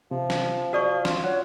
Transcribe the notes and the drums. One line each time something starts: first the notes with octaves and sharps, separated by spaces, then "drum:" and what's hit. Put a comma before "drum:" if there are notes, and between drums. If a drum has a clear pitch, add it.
C3 F3
drum: snare
F#4 D5 F5 C#6 D#6
F4, drum: snare
C#5 F#5